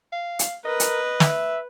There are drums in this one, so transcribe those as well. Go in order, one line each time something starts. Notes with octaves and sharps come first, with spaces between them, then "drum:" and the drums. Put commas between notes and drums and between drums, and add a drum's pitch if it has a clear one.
F5
drum: hi-hat
A#4 B4 D#5
drum: hi-hat
E5, drum: snare